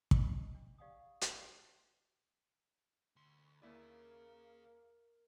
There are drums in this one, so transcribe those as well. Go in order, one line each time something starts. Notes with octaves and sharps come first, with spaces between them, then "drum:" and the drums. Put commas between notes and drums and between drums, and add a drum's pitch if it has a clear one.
D5 D#5, drum: kick
D4
G4 D5 F5 F#5 G#5 D#6
A5 B5 C6, drum: hi-hat
D2 C6
D#2 A#3 E4 G#4 A#4 C#5 D5